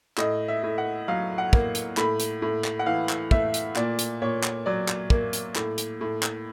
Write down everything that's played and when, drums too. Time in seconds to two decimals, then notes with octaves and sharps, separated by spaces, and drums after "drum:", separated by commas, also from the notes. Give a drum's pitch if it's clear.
0.18 A2 D#5, drum: clap
0.48 E5
0.63 A2
0.78 F#5
1.08 F#3 F5
1.38 F#5
1.53 A#3, drum: kick
1.75 drum: hi-hat
1.97 A2 B5, drum: clap
2.20 drum: hi-hat
2.42 A2
2.64 drum: clap
2.79 F#5
2.86 E3 F5
3.09 drum: clap
3.31 A3 E5, drum: kick
3.54 drum: hi-hat
3.76 A#2 D5, drum: clap
3.99 drum: hi-hat
4.22 A#2 C#5
4.44 drum: clap
4.66 F#3 D5
4.88 drum: clap
5.10 A#3, drum: kick
5.33 drum: hi-hat
5.56 A2, drum: clap
5.78 drum: hi-hat
6.01 A2
6.23 drum: clap